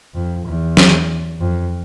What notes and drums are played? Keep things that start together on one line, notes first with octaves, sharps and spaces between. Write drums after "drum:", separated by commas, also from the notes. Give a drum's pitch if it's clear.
F2
E2
drum: snare
F2